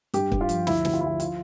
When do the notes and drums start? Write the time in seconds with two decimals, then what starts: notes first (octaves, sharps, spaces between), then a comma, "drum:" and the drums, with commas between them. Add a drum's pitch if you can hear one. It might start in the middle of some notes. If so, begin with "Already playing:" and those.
0.14 G2 G4, drum: hi-hat
0.32 G2, drum: kick
0.41 F4
0.49 F3, drum: hi-hat
0.67 D2 E4, drum: snare
0.85 D2, drum: snare
0.94 F4
1.01 F3 E4
1.07 F4
1.20 F4, drum: hi-hat